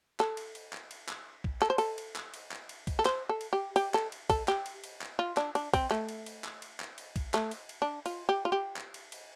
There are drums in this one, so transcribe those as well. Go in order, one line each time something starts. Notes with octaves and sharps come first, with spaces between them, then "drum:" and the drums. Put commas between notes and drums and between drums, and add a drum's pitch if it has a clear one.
A4, drum: clap
drum: cymbal
drum: cymbal
drum: clap
drum: cymbal
drum: clap
drum: kick
A4, drum: clap
C5
A4, drum: cymbal
drum: cymbal
drum: clap
drum: cymbal
drum: clap
drum: cymbal
drum: kick, cymbal
A4
C5, drum: clap
A4
drum: cymbal
G4
G4, drum: cymbal
A4, drum: clap
drum: cymbal
A4, drum: kick, cymbal
G4, drum: clap
drum: cymbal
drum: cymbal
drum: clap
F4
D4, drum: clap
D4, drum: cymbal
C4, drum: kick, cymbal
A3, drum: clap
drum: cymbal
drum: cymbal
drum: clap
drum: cymbal
drum: clap
drum: cymbal
drum: kick, cymbal
A3, drum: clap
drum: cymbal
drum: cymbal
D4
F4, drum: cymbal
G4
F4
G4
drum: clap
drum: cymbal
drum: cymbal